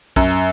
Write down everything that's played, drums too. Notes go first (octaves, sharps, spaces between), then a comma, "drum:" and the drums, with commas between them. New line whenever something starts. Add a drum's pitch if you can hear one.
F#2, drum: kick, hi-hat
drum: hi-hat